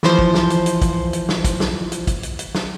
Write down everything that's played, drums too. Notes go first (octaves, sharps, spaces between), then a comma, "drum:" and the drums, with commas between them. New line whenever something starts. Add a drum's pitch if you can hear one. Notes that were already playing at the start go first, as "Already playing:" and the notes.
E3 F3 C5, drum: snare
drum: kick
drum: snare
drum: hi-hat
drum: hi-hat
drum: kick, hi-hat
drum: hi-hat
drum: snare
drum: kick, hi-hat
drum: snare
drum: hi-hat
drum: kick, hi-hat
drum: hi-hat
drum: hi-hat
drum: snare